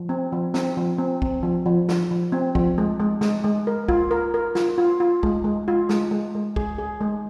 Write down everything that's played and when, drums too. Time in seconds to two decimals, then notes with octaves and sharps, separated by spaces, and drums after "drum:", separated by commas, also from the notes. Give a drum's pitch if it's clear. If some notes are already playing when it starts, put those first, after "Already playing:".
Already playing: F3
0.09 C4
0.32 F3
0.54 C4, drum: snare
0.77 F3
0.98 C4
1.22 C4, drum: kick
1.43 F3
1.66 F3
1.89 F3, drum: snare
2.11 F3
2.32 C4
2.55 F3, drum: kick
2.78 G#3
3.00 G#3
3.21 G#3, drum: snare
3.44 G#3
3.67 A#4
3.88 F4, drum: kick
4.11 A#4
4.34 A#4
4.55 F4, drum: snare
4.78 F4
5.00 F4
5.23 G#3, drum: kick
5.44 G#3
5.68 F4
5.89 G#3, drum: snare
6.11 G#3
6.35 G#3
6.56 G#4, drum: kick
6.78 G#4
7.01 G#3